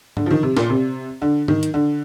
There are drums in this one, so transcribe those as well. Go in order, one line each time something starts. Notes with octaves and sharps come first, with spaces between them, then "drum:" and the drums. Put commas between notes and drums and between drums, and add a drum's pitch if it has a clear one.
D3, drum: tom G#2
F3
D#3
C3
A#2, drum: snare
C3
D3
D#3, drum: tom G#2
drum: hi-hat
D3